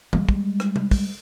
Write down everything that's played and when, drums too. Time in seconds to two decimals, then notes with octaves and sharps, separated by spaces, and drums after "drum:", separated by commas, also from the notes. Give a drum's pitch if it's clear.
0.13 G3 G#3, drum: tom
0.29 drum: kick
0.60 drum: rim click
0.76 drum: tom
0.91 drum: kick, open hi-hat